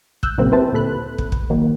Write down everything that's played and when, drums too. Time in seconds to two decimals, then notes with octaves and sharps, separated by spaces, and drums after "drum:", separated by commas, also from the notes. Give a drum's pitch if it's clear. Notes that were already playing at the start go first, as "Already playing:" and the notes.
0.23 E6 F#6 G6, drum: kick
0.38 A#2 C#3 F#3 A#3 C4
0.52 C4 E4 G4 B4 C5 A5
0.73 D2 A#2 A4 B5 F#6
1.18 drum: kick
1.32 drum: kick
1.50 D#3 F#3 A#3